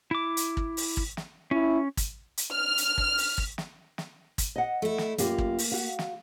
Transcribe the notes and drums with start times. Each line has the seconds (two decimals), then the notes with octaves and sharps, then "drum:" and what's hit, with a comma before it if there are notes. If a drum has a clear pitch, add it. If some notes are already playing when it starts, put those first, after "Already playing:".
0.11 E4 D6
0.37 drum: hi-hat
0.57 drum: kick
0.77 drum: open hi-hat
0.97 drum: kick
1.17 drum: snare
1.51 C#4 E4
1.97 drum: kick, hi-hat
2.37 drum: hi-hat
2.52 F6
2.78 drum: hi-hat
2.98 drum: kick
3.18 drum: open hi-hat
3.38 drum: kick
3.58 drum: snare
3.98 drum: snare
4.38 drum: kick, hi-hat
4.56 D#5 F#5
4.82 A3 E4
4.98 drum: snare
5.18 F#2 A#3 F4 G4, drum: hi-hat
5.38 drum: kick
5.58 drum: open hi-hat
5.72 F#4 F5
5.99 drum: snare